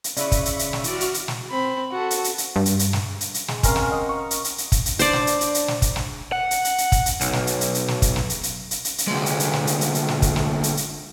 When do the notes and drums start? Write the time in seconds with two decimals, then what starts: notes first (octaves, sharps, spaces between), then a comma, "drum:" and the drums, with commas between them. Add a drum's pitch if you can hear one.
0.04 drum: hi-hat
0.17 C#3 E4 B4 D5 E5 B5 C#6, drum: hi-hat
0.32 drum: kick, hi-hat
0.45 drum: hi-hat
0.59 drum: hi-hat
0.73 drum: snare
0.84 E3 F#4 D5 F6, drum: hi-hat
1.00 drum: hi-hat
1.14 drum: hi-hat
1.28 drum: snare
1.50 C4 B5
1.92 F#4 A4
2.10 drum: hi-hat
2.24 drum: hi-hat
2.38 drum: hi-hat
2.56 G2
2.66 drum: hi-hat
2.79 drum: hi-hat
2.93 drum: snare
3.21 drum: hi-hat
3.34 drum: hi-hat
3.48 G#3, drum: snare
3.63 C4 C#4 A#4 F5, drum: kick, hi-hat
3.76 drum: snare
3.90 D#5 F#5
4.09 C#6
4.31 drum: hi-hat
4.44 drum: hi-hat
4.58 drum: hi-hat
4.72 drum: kick, hi-hat
4.86 drum: hi-hat
4.99 D4 C5 D5, drum: hi-hat
5.13 drum: snare
5.27 drum: hi-hat
5.41 drum: hi-hat
5.54 drum: hi-hat
5.68 drum: snare
5.82 drum: kick, hi-hat
5.96 drum: snare
6.32 F#5
6.51 drum: hi-hat
6.64 drum: hi-hat
6.78 drum: hi-hat
6.92 drum: kick, hi-hat
7.06 drum: hi-hat
7.21 B1, drum: hi-hat
7.33 drum: snare
7.47 drum: hi-hat
7.61 drum: hi-hat
7.75 drum: hi-hat
7.88 drum: snare
8.02 drum: kick, hi-hat
8.16 drum: snare
8.30 drum: hi-hat
8.43 drum: hi-hat
8.71 drum: hi-hat
8.85 drum: hi-hat
8.98 drum: hi-hat
9.08 D2 G#3
9.26 drum: hi-hat
9.40 drum: hi-hat
9.53 drum: snare
9.67 drum: hi-hat
9.81 drum: hi-hat
9.95 drum: hi-hat
10.08 drum: snare
10.22 drum: kick, hi-hat
10.36 drum: snare
10.63 drum: hi-hat
10.77 drum: hi-hat